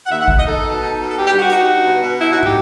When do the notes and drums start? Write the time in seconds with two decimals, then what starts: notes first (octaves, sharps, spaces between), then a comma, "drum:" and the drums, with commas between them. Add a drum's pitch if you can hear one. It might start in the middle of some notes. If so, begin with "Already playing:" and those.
0.06 F#5
0.11 D#2 E5
0.19 F#5
0.28 D#2, drum: kick
0.37 D#5
0.45 D#4 A4
0.63 B2
0.80 D#4
0.98 B2
1.10 A4
1.15 D#4 G4
1.27 G4
1.32 G2
1.39 F#4
1.50 D#4 F#4, drum: hi-hat
1.67 G2
1.85 B2
2.02 B2
2.19 D#4 E4
2.31 F#4
2.43 G4, drum: tom